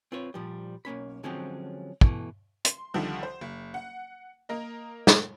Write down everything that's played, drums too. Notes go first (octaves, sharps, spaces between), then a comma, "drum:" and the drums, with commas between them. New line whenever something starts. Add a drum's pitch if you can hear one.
C4 F4 B4 C#5
A#2 F3 G3
B1 A#3 C#4 B5
D3 F3 F#3 G#3 C4 C#4
B2 E3 A3, drum: kick
C6, drum: hi-hat
C2 D3 D#3 F3 G3
C5
F#1
F#5
A#3 A#4 D#5
drum: snare